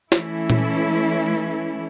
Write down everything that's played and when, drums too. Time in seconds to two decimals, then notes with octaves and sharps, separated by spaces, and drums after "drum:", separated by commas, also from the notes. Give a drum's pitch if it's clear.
0.12 E3 A3 C#4 E4, drum: snare
0.50 drum: tom A#2